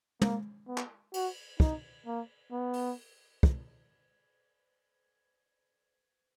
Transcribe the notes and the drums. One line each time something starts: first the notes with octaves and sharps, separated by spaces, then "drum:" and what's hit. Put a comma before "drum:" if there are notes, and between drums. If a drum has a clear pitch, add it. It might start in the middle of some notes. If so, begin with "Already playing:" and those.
A#3, drum: tom
B3
drum: clap
F#4, drum: cymbal
D#4, drum: kick
A#3
B3
drum: open hi-hat
drum: kick